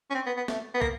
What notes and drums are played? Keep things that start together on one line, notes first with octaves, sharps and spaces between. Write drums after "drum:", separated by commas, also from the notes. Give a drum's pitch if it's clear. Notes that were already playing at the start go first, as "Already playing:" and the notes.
C#4
C4
B3
B3
A3, drum: snare
B3
A#3, drum: kick